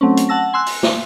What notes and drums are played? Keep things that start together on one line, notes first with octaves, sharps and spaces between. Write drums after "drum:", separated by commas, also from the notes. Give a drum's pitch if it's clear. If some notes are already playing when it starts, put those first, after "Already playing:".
F#3 A3 C4 C#4
drum: hi-hat
F#5 A5 E6 A#6
G#5 C6 E6 F#6
drum: open hi-hat
drum: snare